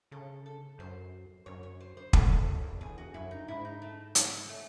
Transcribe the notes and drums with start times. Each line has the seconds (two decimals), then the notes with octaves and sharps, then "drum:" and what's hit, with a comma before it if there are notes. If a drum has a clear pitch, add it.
0.12 C#3 A4
0.46 A4
0.79 F#2 C5
1.46 F#2 C#5
1.63 C#5
1.80 C5
1.97 C5
2.13 F#2 A4, drum: kick
2.31 G#2
2.48 F#2
2.64 E2
2.81 E2 G#4
2.98 F#4
3.14 F#2 E4
3.31 D#4
3.48 G#2 E4
3.65 D#4
3.82 A3
4.15 G#3, drum: hi-hat
4.49 A3